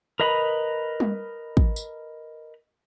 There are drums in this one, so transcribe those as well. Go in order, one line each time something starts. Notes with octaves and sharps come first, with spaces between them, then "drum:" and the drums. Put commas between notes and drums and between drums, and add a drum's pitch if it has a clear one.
A#4 B4 D#5 A#5 B5
drum: tom G3
drum: kick
drum: tambourine